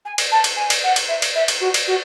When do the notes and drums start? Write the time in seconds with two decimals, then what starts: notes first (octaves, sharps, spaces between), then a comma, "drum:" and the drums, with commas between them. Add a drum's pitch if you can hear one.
0.05 G#5
0.18 drum: cymbal
0.32 A5
0.44 drum: cymbal
0.57 G#5
0.70 drum: cymbal
0.84 F#5
0.96 drum: cymbal
1.09 E5
1.22 drum: cymbal
1.35 E5
1.48 drum: cymbal
1.61 F#4
1.74 drum: cymbal
1.87 F#4